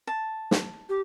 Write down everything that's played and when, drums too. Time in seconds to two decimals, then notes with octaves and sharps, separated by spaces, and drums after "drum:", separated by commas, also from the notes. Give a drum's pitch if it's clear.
0.07 A5
0.51 drum: snare
0.89 G4